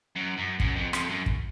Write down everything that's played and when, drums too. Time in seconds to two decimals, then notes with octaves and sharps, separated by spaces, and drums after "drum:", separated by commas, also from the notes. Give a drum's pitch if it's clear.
0.16 F#2
0.38 F#2
0.60 F#2, drum: kick
0.76 F2
0.93 F2, drum: rim click
1.09 F#2
1.26 drum: kick